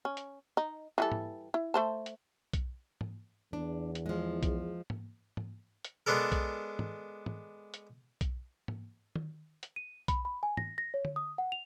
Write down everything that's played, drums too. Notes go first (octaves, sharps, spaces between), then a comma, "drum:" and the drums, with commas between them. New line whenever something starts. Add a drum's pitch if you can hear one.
C#4
drum: hi-hat
D#4
E3 G3 A4
drum: tom G#2
E4
A3 C5 A5
drum: hi-hat
drum: kick B1, hi-hat
drum: tom G#2
E2 D4
drum: hi-hat
F3 G#3
drum: kick B1, hi-hat
drum: tom G#2
drum: tom G#2
drum: hi-hat
G#3 B3 D4 A4 A#4
drum: kick B1, hi-hat
drum: tom
drum: tom
drum: hi-hat
drum: kick B1, hi-hat
drum: tom G#2
drum: tom D#3
drum: hi-hat
D#7
B5, drum: kick B1, hi-hat
B5
G#5
A#6, drum: tom
A#6
C#5
drum: tom D3
D#6
F#5
F7